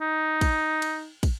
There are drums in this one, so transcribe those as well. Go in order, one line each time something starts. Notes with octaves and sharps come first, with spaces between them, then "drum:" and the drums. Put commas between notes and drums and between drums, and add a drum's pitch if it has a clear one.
D#4
drum: kick, cymbal
drum: cymbal
drum: kick, cymbal